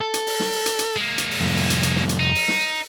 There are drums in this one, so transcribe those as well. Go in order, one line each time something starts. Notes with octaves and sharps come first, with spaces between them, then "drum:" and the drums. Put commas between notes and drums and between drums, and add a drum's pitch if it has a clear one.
A4
drum: hi-hat
drum: open hi-hat
drum: snare
drum: open hi-hat
drum: hi-hat
drum: hi-hat
G#3 A#3
drum: hi-hat
drum: open hi-hat
C2 F2
drum: open hi-hat
drum: hi-hat
drum: hi-hat
drum: snare
drum: hi-hat
D#4
drum: open hi-hat
drum: snare